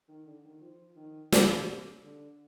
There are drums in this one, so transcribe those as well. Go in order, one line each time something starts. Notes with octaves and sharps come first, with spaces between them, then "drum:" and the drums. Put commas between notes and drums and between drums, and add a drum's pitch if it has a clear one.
D#3
D3
D#3
F3
D#3
C3, drum: snare
D3